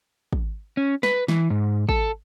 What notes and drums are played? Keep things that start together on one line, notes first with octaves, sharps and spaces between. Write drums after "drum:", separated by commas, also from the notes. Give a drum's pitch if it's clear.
drum: kick
C#4
B4, drum: snare
E3, drum: snare
G#2
A4, drum: kick